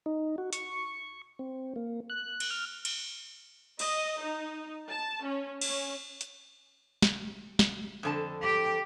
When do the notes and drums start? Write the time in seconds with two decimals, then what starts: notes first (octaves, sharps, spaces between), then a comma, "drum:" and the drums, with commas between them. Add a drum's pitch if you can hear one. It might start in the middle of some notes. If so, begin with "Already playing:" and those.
0.06 D#4
0.38 F#4
0.53 C#6, drum: hi-hat
1.39 C4
1.76 A#3
2.10 F#6
2.40 drum: cymbal
2.51 F6
2.85 drum: cymbal
3.79 D#5, drum: cymbal
4.21 D#4
4.89 A5
5.25 C#4
5.61 C#4, drum: cymbal
6.21 drum: hi-hat
7.02 drum: snare
7.59 drum: snare
8.03 F2 D3 A5
8.42 G4 G5